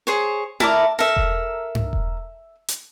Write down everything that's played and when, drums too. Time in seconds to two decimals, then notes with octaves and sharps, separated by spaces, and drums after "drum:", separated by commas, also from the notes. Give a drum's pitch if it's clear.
0.07 G#4 C5 C#5
0.60 E4 A#4 D5 A5, drum: tom E4
0.99 A4 A#4 E5
1.16 drum: kick E1
1.75 drum: tom G2
1.93 drum: kick E1
2.68 drum: hi-hat